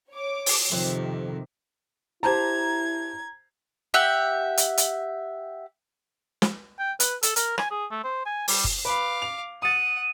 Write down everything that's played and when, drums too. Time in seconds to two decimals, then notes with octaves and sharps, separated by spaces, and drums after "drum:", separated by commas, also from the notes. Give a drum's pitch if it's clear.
0.11 C#5 D6
0.46 drum: open hi-hat
0.72 F2 C3 D#3
2.23 E4 G4 C5 A5 A#5 G#6
3.94 G4 E5 F#5
4.57 drum: hi-hat
4.78 drum: hi-hat
6.42 drum: snare
6.79 G5
7.00 B4, drum: hi-hat
7.23 A4, drum: hi-hat
7.36 A#4, drum: hi-hat
7.58 G#5, drum: rim click
7.71 G#4
7.91 A3
8.04 C5
8.26 G#5
8.48 G3, drum: open hi-hat
8.64 drum: kick
8.85 B4 F5 B5 D6
9.22 F7
9.62 F#5 D#6 A6 D#7